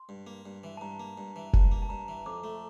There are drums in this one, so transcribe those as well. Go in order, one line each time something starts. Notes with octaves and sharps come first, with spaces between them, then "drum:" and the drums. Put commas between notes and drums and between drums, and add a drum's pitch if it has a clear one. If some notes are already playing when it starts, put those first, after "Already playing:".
Already playing: C6
G2
A#3
G2
E3
A5
G2 A#5
A#3
G2
E3
G2 A5, drum: kick F1
A#3
A5
G2 A#5
E3
F2 D6
A3